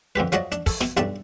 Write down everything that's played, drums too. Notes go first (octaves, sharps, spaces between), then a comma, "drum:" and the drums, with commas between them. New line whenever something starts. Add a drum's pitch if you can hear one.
F2 D3 G4 B4
F3 F#3 F#4 D5 D#5, drum: hi-hat
D4, drum: hi-hat
A4, drum: kick, open hi-hat
B2, drum: snare
B1 G2 G3 D4 D5, drum: hi-hat